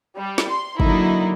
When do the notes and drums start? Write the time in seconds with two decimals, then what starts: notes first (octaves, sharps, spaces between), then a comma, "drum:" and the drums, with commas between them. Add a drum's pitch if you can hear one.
0.17 G3
0.38 drum: snare
0.51 C6
0.80 D3 F#3 A#3 D#4 E4, drum: kick